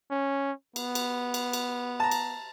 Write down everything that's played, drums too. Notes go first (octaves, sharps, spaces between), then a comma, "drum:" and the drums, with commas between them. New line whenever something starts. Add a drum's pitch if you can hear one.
C#4
B3, drum: cymbal
drum: cymbal
drum: cymbal
drum: cymbal
A5 A#5
drum: cymbal